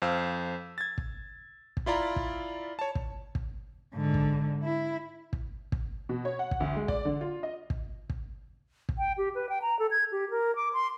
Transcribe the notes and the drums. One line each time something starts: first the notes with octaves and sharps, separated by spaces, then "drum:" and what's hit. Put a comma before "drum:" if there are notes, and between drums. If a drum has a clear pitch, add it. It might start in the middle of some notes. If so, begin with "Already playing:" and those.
F2 C5 F5 E6
G#6 A6
drum: kick
drum: kick
E4 F4 D5 A#5 B5
drum: kick
C#5 A5
drum: kick
drum: kick
G#2 D3
drum: kick
E4
drum: kick
drum: kick
B2
C#5
F#5
drum: kick
D2
G#3
D5, drum: kick
D3
F4
D#5
drum: kick
drum: kick
drum: kick
G5
G4
B4
G5
A#5
A4
G#6
G4
A#4
D6
C6